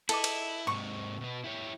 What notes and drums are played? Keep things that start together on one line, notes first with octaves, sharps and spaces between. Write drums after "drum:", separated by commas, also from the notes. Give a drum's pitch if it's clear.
E4 A4 D#5 D6, drum: cymbal
drum: cymbal
G#2 C3 C#6
B2 B3
E4 G4 C#5